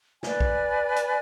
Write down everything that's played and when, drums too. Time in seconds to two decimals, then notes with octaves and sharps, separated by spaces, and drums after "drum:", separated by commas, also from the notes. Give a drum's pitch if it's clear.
0.23 B4 D5 G#5, drum: snare
0.40 drum: kick
0.96 drum: hi-hat